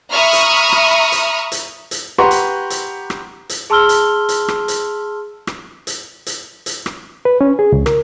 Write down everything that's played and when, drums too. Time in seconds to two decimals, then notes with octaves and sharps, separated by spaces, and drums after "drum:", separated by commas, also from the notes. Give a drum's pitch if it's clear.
0.13 E5 A#5 B5 C#6 D#6 F6
0.33 drum: hi-hat
0.72 drum: rim click
1.12 drum: hi-hat
1.52 drum: hi-hat
1.91 drum: hi-hat
2.18 G4 B4 F#5 A#5 C6 C#6
2.31 drum: hi-hat
2.70 drum: hi-hat
3.10 drum: rim click
3.49 drum: hi-hat
3.70 G#4 A5 C6 E6 F6 G7
3.89 drum: hi-hat
4.29 drum: hi-hat
4.48 drum: rim click
4.68 drum: hi-hat
5.47 drum: rim click
5.87 drum: hi-hat
6.26 drum: hi-hat
6.66 drum: hi-hat
6.86 drum: rim click
7.25 B4
7.41 C#4
7.59 G#4
7.72 C#2
7.86 A#4, drum: rim click